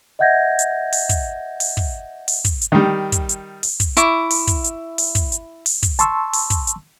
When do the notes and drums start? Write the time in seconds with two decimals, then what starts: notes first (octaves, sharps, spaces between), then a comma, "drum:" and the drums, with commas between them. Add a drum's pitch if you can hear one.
0.19 D#5 E5 F#5 G6 G#6 A#6
0.59 drum: hi-hat
0.92 drum: open hi-hat
1.09 drum: kick, hi-hat
1.60 drum: open hi-hat
1.77 drum: kick
2.28 drum: open hi-hat
2.45 drum: kick, hi-hat
2.61 drum: hi-hat
2.72 D#3 G3
3.12 drum: kick, hi-hat
3.29 drum: hi-hat
3.63 drum: open hi-hat
3.80 drum: kick, hi-hat
3.97 E4 C#6 D6, drum: hi-hat
4.30 drum: open hi-hat
4.47 drum: kick, hi-hat
4.64 drum: hi-hat
4.98 drum: open hi-hat
5.15 drum: kick, hi-hat
5.32 drum: hi-hat
5.66 drum: open hi-hat
5.83 drum: kick, hi-hat
5.99 A5 C6 C#6 E6, drum: hi-hat
6.33 drum: open hi-hat
6.50 drum: kick, hi-hat
6.67 drum: hi-hat